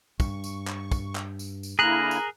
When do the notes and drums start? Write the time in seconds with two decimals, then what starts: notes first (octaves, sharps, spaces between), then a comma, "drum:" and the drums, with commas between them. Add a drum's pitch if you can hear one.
0.20 G2 C#6, drum: kick, tambourine
0.44 drum: tambourine
0.68 drum: clap
0.92 drum: kick, tambourine
1.15 drum: clap
1.39 drum: tambourine
1.63 drum: tambourine
1.79 D3 A#3 E4 G#4 A#4 A#5 F#6
2.11 drum: tambourine